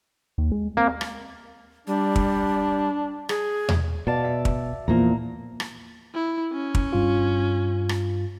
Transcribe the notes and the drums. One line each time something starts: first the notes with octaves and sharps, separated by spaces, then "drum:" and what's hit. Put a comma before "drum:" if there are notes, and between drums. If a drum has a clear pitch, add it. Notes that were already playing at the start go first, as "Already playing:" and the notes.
D#2
G#3
A#3 C4
drum: rim click
G3 D4
drum: kick
G#4, drum: rim click
drum: tom E2
B2 D5 F5 A5
E5
drum: kick
E2 A#2 F3 A#3 A#5
drum: rim click
E4
C#4
drum: kick
G2 F4
drum: rim click